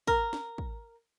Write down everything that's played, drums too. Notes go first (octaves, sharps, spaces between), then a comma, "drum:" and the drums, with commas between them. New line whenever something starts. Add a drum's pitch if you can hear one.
A#4, drum: kick
drum: snare
drum: kick